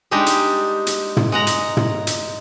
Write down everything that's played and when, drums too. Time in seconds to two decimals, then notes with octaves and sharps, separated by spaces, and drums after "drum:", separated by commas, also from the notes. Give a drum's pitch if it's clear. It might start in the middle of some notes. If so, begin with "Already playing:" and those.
0.11 G3 G#3 D4 D#4 G4
0.26 drum: hi-hat
0.87 drum: hi-hat
1.17 drum: tom
1.32 G#3 F#5 A#5
1.47 drum: hi-hat
1.77 drum: tom
2.07 drum: hi-hat